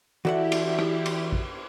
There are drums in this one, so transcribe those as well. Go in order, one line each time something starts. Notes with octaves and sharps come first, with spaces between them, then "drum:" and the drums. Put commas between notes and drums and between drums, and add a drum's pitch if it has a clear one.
E3 E4 F#4 G4 A4 D5 E5 F#5
drum: cymbal
drum: rim click
drum: cymbal
drum: kick A1